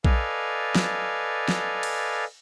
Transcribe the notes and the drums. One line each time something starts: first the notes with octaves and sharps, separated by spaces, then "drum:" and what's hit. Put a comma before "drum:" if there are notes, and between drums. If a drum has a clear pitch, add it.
A4 B4 D5 D#5 F5 G#5, drum: kick A#1
drum: snare
drum: snare
drum: cymbal